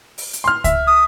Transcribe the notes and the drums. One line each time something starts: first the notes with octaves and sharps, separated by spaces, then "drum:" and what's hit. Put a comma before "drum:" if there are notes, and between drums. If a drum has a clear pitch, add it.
drum: open hi-hat
drum: hi-hat
C6 F6
E5, drum: kick C#2, hi-hat
D#6